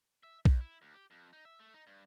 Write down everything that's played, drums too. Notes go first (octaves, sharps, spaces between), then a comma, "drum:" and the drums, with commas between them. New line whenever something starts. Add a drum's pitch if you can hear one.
E5
D#2, drum: kick B1
E4
D2
G4
F2
D#4
E5
A3
D#4
G2